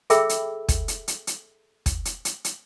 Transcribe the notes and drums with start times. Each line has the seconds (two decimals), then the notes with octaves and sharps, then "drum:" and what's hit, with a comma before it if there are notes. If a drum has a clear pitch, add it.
0.10 G#4 A4 E5 G5 B5 E6, drum: hi-hat
0.29 drum: hi-hat
0.69 drum: kick, hi-hat
0.88 drum: hi-hat
1.08 drum: hi-hat
1.27 drum: hi-hat
1.86 drum: kick, hi-hat
2.05 drum: hi-hat
2.25 drum: hi-hat
2.44 drum: hi-hat